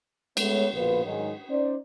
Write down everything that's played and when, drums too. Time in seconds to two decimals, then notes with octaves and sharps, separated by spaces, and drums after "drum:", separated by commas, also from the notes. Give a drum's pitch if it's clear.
0.37 G#3 A3 B3 C#5, drum: cymbal
0.74 A#1 B2 D3 F4 B4
1.04 G#2 D#3 F#3 G#3
1.49 C#4 D#4 C5 D5